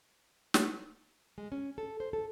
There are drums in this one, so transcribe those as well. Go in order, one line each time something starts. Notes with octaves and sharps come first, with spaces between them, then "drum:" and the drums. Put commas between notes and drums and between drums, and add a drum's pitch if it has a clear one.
drum: snare
G#3
C#4
A4
C5
A4